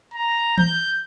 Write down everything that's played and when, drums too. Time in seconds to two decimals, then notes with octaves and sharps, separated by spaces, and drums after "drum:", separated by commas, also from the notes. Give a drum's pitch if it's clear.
0.14 A#5
0.58 G6, drum: tom E3